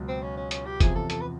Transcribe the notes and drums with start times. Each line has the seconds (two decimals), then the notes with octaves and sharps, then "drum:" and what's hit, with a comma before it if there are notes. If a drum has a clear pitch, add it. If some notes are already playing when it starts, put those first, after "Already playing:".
Already playing: C#2 B2 F#3
0.08 C4
0.22 C#4
0.36 C#4
0.51 C#4, drum: hi-hat
0.66 G4
0.80 E2 C3 F3 G#4, drum: kick, hi-hat
0.95 A4
1.10 A4, drum: hi-hat
1.21 B4